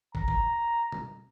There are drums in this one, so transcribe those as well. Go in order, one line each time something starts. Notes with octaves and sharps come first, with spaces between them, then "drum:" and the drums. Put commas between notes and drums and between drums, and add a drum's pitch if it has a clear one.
A#5, drum: kick
drum: kick
drum: tom B2